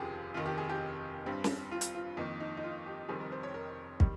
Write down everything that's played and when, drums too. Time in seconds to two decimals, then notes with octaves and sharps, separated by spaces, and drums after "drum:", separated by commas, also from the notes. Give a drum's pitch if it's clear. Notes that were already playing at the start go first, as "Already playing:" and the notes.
Already playing: F1 D#2 C#3 F3 C4 G4 G#4
0.34 F1 D#2 D#3 F4
0.46 G4
0.58 G#4
0.69 G4
1.26 G1 G2 G3 C4
1.44 drum: snare
1.71 F4
1.81 drum: hi-hat
1.95 F4
2.17 F2 D#3 A#3 D#4
2.40 D#4
2.57 D#4
2.63 F4
2.86 G4
3.08 F1 F2 D#3 G3 C4 G#4
3.20 A#4
3.32 C5
3.43 C#5
3.54 A#4
4.00 D#3 G3, drum: kick